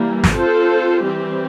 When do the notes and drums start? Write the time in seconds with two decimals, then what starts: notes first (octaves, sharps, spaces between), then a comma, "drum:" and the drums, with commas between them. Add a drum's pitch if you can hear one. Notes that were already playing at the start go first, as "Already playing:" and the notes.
Already playing: E3 G3 A#3
0.24 drum: snare
0.33 C4 F4 A4 C5
1.04 E3 G3 C4 G4